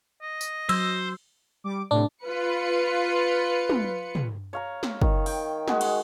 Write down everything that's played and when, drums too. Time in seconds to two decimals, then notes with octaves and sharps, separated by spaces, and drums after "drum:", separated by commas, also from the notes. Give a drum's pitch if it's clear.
0.22 D#5
0.41 drum: tambourine
0.69 F#3 C5 E6, drum: cymbal
1.64 G3 D6
1.91 A2 C3 D4 D5
2.24 F4 B4 C#7
3.69 drum: tom
4.15 drum: tom
4.53 C#5 F5 A#5
4.83 drum: snare
5.02 D#3, drum: kick
5.26 G5, drum: open hi-hat
5.68 G#3 F#4 G#4, drum: snare
5.81 drum: cymbal